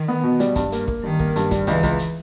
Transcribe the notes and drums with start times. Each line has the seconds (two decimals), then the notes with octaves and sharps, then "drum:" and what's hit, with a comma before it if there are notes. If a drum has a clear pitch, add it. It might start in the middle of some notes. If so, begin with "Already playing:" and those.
Already playing: D#3
0.08 B3
0.24 B2
0.40 G3, drum: hi-hat
0.56 G2, drum: kick, hi-hat
0.72 A#3, drum: hi-hat
0.88 A#3, drum: kick
1.03 G2 D#3
1.19 A#3, drum: kick
1.36 G2, drum: hi-hat
1.51 G3, drum: kick, hi-hat
1.67 C#2 E3, drum: hi-hat
1.83 C#2, drum: kick, hi-hat
1.99 drum: hi-hat